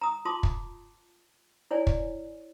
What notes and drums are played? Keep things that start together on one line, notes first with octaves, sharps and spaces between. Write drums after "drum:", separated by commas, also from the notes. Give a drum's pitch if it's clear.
A#5 D#6
F4 A5 C6 D6 D#6
drum: kick
E4 C#5 D5 G#5
drum: kick